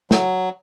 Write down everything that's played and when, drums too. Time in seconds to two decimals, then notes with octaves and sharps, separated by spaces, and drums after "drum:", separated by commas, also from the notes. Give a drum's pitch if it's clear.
0.11 F#3, drum: snare